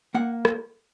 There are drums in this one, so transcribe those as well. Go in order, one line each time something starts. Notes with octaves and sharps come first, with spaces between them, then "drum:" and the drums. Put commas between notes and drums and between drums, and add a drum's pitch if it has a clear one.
A#3 F#5
drum: rim click